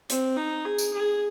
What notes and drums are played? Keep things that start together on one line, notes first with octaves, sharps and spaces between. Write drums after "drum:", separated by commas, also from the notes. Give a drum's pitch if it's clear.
C4, drum: hi-hat
D#4
G#4
drum: tambourine
G#4